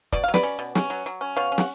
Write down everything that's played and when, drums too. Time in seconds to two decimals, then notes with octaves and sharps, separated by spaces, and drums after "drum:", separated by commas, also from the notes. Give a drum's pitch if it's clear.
0.13 B2 D5, drum: kick
0.24 F#3 F5
0.34 B4 D5, drum: snare
0.43 C#4
0.59 B2
0.75 C#4, drum: snare
0.90 F#3
1.06 F#3
1.21 C#4
1.36 B2 C#5 F5
1.52 C#4
1.58 F#5, drum: snare